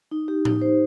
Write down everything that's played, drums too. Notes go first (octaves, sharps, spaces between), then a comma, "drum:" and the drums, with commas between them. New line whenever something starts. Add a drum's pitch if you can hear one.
D#4
G4
D#4, drum: tom A2
C5